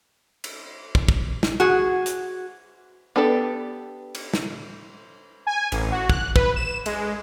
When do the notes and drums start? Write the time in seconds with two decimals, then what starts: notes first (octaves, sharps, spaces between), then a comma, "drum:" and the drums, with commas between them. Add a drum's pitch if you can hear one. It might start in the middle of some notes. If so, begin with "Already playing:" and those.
0.44 drum: cymbal
0.95 drum: kick
1.09 drum: kick
1.43 drum: snare
1.60 F#4 G#4
2.06 drum: hi-hat
3.16 B3 D4 G4 A4 B4
4.15 drum: cymbal
4.34 drum: snare
5.47 G#5
5.72 A1, drum: cymbal
5.92 F#4
6.10 F#6, drum: kick
6.36 B4, drum: kick
6.56 E7
6.86 G#3, drum: cymbal